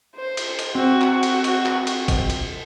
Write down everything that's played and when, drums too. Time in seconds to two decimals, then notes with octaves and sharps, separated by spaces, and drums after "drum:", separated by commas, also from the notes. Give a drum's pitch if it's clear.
0.16 C5
0.37 drum: cymbal
0.59 drum: cymbal
0.75 C4 F#4
1.01 drum: clap
1.23 drum: cymbal
1.44 drum: cymbal
1.66 drum: clap
1.87 drum: cymbal
2.08 drum: kick, cymbal
2.30 drum: cymbal